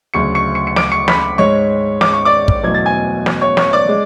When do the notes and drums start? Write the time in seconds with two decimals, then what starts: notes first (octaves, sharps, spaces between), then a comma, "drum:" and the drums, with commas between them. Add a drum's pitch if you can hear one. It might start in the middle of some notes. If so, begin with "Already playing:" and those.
0.14 D2 C#3 F#3 A3 C#6 C#7
0.35 C#6 C#7
0.55 C#6 C#7
0.67 C#7
0.76 D6 D7, drum: snare
0.92 C#6 C#7
1.08 B5 B6, drum: snare
1.38 G#2 G#3 C#5 C#6
2.01 D6, drum: snare
2.13 C#6
2.25 D5 D6
2.48 drum: kick
2.63 E2 B2 F#3 A3 G#6
2.74 A6
2.86 G#5 G#6
3.26 drum: snare
3.41 C#5 C#6
3.57 C#5 C#6, drum: snare
3.73 D5 D6
3.89 G#3